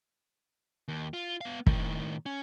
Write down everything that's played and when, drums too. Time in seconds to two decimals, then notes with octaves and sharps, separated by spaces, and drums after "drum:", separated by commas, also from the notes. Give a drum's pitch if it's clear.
0.88 D#2
1.13 F4
1.41 B3 F5
1.67 A2 D#3, drum: kick
2.26 C#4